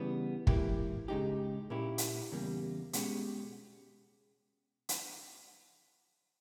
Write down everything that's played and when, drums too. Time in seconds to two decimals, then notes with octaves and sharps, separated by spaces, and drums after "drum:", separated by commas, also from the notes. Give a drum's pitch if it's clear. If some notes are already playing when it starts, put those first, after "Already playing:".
Already playing: C#3 E3 G3 B3
0.47 G#2 E3 A#3 E4 G4, drum: kick
1.08 C#3 G#3 D#4 G4
1.70 A#2 A#3 C#4 E4 G4
1.98 drum: hi-hat
2.32 E2 C#3 G3 A#3
2.93 B2 G#3 C#4 G4, drum: hi-hat
4.89 drum: hi-hat